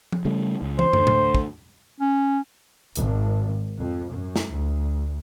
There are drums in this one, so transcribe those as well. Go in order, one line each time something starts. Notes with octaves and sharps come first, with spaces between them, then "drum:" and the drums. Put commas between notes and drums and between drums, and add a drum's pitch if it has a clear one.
drum: tom F3
C#3 G3 A3
C#2
C5, drum: tom
D2, drum: tom
drum: tom A2
drum: kick
C#4
G#1, drum: hi-hat
F2
F#2
drum: snare
D2